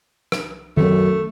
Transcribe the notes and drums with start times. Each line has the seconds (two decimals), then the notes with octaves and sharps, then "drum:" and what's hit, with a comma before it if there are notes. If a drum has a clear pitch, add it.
0.32 drum: rim click
0.77 F#2 A3, drum: tom D#3